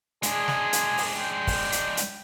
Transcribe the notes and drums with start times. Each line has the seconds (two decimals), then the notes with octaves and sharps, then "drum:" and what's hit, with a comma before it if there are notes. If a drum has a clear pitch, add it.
0.23 G#3 D4 G#4, drum: hi-hat
0.48 drum: snare
0.73 drum: hi-hat
0.98 drum: open hi-hat
1.15 G5
1.47 drum: kick, open hi-hat
1.72 drum: hi-hat
1.97 drum: hi-hat